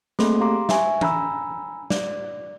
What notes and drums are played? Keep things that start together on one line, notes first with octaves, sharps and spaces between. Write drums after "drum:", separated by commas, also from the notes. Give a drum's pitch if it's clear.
A3 A#3 C4 G#4 A4 C6, drum: snare
G4 F5 A#5 C6 D6
E5 G#5 C#6, drum: snare
G#5 A#5 B5 E6, drum: tom E3
D5, drum: snare